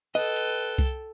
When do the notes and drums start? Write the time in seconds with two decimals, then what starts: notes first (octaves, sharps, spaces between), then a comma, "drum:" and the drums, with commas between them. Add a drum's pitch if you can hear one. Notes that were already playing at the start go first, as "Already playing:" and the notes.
0.15 A4 B4 D#5 G5
0.36 drum: hi-hat
0.78 drum: kick C2, hi-hat